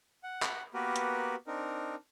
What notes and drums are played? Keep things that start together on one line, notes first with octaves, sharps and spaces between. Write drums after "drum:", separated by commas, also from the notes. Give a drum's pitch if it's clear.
F#5
drum: clap
A#3 B3 F#4 G4 A#4 B4
drum: hi-hat
C4 D4 D#4 A#4